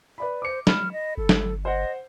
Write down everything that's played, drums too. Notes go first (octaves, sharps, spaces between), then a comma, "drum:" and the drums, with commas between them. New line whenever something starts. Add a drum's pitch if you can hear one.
B4 D5 B5
C5 D6 C#7
B5 F6 E7, drum: snare
D#5
G1 A4
drum: snare
C5 D#5 F#5